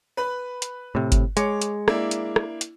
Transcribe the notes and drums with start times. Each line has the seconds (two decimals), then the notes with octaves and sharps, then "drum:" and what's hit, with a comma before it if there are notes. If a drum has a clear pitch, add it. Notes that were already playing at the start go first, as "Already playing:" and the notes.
0.17 B4 B5
0.62 drum: hi-hat
0.95 A2 C3
1.12 drum: kick G1, hi-hat
1.37 G#3 C#5 D6 C#7, drum: hi-hat
1.62 drum: hi-hat
1.88 A#3 D4 E4, drum: rim click
2.11 drum: hi-hat
2.36 drum: rim click
2.61 drum: hi-hat